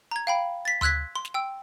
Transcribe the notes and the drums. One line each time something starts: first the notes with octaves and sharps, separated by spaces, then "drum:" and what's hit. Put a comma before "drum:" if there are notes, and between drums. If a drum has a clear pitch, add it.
A#5 G#6
F5 G5 B5
A6 B6
C6 E6 F#6 G#6 B6, drum: tom D2
C6
drum: snare
G5 E6